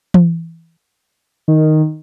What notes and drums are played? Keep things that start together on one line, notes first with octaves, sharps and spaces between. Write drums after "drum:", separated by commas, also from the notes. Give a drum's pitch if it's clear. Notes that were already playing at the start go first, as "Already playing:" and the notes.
drum: tom E3
D#3